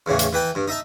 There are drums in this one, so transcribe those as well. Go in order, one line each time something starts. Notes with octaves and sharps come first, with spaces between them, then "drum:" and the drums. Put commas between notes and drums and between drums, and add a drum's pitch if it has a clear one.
E2 A2 C#3 E3
drum: hi-hat
E3 B4 G5 A5
G2
D#4 E5 A5